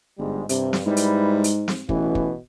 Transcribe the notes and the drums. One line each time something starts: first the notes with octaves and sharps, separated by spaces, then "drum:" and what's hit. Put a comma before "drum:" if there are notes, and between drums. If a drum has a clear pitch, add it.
G1 G#2 G3 G#3
G2 C3, drum: hi-hat
drum: snare
G#2 G3 E4 B4
drum: hi-hat
drum: hi-hat
drum: snare
A1 B2 E3, drum: kick
drum: kick